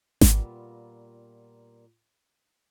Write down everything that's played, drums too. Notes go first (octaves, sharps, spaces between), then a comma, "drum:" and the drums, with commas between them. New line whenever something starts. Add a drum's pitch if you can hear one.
A#2 G3 B3 F4, drum: snare G#1